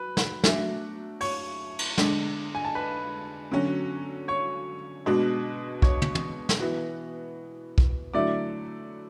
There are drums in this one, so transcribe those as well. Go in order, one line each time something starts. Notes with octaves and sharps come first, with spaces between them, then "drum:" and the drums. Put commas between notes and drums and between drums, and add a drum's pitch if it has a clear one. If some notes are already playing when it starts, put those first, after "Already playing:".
Already playing: F#3 B4
drum: snare
F#3 A3 D4 F#4, drum: snare
C#5 C#6, drum: open hi-hat
drum: cymbal
D3 G#3 D4, drum: snare
G#5
A5
B4 B5
D3 F#3 C#4 F#4
C#5 C#6
B2 G#3 D4 F#4
C#5 C#6, drum: kick
drum: tom
drum: tom
drum: snare
E3 B3 F#4
drum: kick
D3 F#3 A3 E4 D5 D6